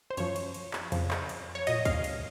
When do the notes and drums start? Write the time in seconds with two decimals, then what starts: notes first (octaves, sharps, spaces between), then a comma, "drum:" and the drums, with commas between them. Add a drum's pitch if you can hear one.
0.10 C5
0.17 F#2 F3 C#5, drum: cymbal
0.36 drum: cymbal
0.54 drum: cymbal
0.73 drum: clap
0.92 F2 C#3 F3, drum: cymbal
1.11 drum: clap
1.29 drum: cymbal
1.55 C#5
1.67 A#2 F#3 D#5, drum: cymbal
1.85 F5, drum: kick, cymbal
2.04 drum: cymbal